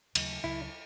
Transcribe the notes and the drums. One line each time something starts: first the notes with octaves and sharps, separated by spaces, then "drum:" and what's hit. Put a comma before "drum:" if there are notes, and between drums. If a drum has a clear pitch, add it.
D#2 C#3 F#3 A3, drum: cymbal
C#2 C#3 F#3 E4